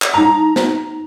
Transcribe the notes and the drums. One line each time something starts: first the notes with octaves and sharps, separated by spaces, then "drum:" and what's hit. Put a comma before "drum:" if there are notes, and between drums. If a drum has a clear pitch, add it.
drum: clap
D#4 A#5 D#6
drum: snare